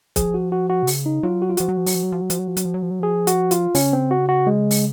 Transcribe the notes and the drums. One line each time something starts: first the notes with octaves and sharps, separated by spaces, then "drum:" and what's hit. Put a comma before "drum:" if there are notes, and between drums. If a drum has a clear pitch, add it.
F3 G#4, drum: kick, hi-hat
F#4
F#4
F#4
C3
C#3, drum: open hi-hat
D#4
F#3 F4
F#4
F4
F3 F#4, drum: hi-hat
F#3
F3
F#3, drum: open hi-hat
F3
F#3
F3
F#3
F3, drum: hi-hat
F#3
F3
F#3, drum: hi-hat
F3
F#3
F3
F#3
F3 G#4
F#4, drum: hi-hat
F4, drum: hi-hat
C#3 C#4, drum: open hi-hat
C4
F#4
F#4
G#3
drum: open hi-hat